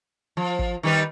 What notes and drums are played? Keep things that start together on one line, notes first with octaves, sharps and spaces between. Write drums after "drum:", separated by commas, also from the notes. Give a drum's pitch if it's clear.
F3
drum: kick
D#3 G3 B4